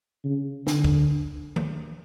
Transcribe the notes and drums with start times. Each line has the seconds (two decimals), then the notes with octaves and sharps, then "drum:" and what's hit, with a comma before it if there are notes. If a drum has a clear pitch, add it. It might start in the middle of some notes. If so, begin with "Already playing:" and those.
0.24 C#3
0.67 D3, drum: snare
0.84 drum: kick
1.56 drum: tom D#3